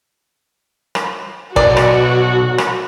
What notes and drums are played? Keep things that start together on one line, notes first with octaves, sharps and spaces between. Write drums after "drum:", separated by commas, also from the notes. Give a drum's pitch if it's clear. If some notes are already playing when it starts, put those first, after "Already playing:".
drum: rim click
B1 F#4 D5, drum: kick
drum: rim click
drum: rim click